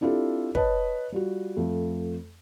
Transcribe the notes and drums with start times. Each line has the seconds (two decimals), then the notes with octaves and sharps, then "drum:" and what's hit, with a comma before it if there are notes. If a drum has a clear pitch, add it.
0.01 C4 D4 E4 F4 G4 A4
0.55 B4 C#5 D#5 A5, drum: kick
1.12 G3 F4 F#4
1.57 F2 A3